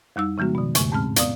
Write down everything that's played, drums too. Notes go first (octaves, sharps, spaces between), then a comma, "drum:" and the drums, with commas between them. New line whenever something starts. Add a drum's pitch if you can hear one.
F2 G3 D#4 E6
C#3 F3 G#3 B3 F#4
B2 D#3
E2 G#2 C#3 A3, drum: hi-hat
A2 G#3 C4 C#4 A5 F6
F2 B3 D5 F5 D#6, drum: hi-hat